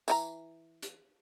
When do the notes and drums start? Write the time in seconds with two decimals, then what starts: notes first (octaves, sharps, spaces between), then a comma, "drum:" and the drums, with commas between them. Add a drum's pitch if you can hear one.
0.08 E3 D#4 A#5, drum: tambourine
0.82 drum: hi-hat